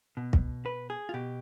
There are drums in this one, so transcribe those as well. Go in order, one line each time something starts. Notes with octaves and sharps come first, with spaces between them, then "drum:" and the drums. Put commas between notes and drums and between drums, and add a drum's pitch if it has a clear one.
B2
drum: kick
B4
G#4
F4
B2 G4